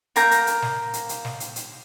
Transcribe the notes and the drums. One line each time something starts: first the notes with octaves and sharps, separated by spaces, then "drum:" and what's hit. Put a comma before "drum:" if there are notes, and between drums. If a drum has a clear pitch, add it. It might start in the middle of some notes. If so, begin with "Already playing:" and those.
A#3 A#5 G6, drum: hi-hat
drum: hi-hat
drum: hi-hat
drum: snare
drum: hi-hat
drum: hi-hat
drum: snare
drum: hi-hat
drum: hi-hat